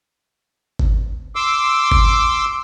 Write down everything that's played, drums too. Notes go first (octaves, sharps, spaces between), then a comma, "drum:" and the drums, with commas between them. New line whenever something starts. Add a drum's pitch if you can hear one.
drum: kick G1
C6 D6 E6
drum: kick G1